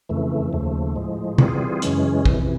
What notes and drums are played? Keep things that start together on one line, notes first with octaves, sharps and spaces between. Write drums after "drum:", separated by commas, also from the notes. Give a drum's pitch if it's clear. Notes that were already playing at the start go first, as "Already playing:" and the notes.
F2 C#3 E3 A3
D#2 C#3 F3 A3
A2 F3 G#3
E3 G3 C4 F4 G#4, drum: tom
F#2 C#3 E3 G#3 C#4, drum: hi-hat
F2 C3 E3, drum: kick